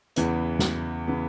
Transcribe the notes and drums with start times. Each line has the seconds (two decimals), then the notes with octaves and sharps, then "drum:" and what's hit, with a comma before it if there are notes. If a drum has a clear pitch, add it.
0.16 E2 C#3 E3 B3, drum: hi-hat
0.59 drum: snare
1.08 C#3 E3 B3